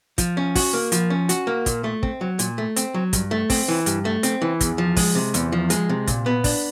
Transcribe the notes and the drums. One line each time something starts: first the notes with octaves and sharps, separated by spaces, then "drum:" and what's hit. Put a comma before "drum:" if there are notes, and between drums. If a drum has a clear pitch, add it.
F3, drum: kick, hi-hat
C#4
F#4, drum: kick, open hi-hat
A#3
F3, drum: hi-hat
C#4
F#4, drum: hi-hat
A#3
A#2, drum: kick, hi-hat
A3
C4, drum: kick
F#3
A#2, drum: hi-hat
A3
C4, drum: hi-hat
F#3
G2, drum: kick, hi-hat
A3
C4, drum: kick, open hi-hat
E3
G2, drum: hi-hat
A3
C4, drum: hi-hat
E3
E2, drum: kick, hi-hat
F3
G#3, drum: kick, open hi-hat
C3
E2, drum: hi-hat
F3
G#3, drum: hi-hat
C3
A#2, drum: kick, hi-hat
B3
D4, drum: kick, open hi-hat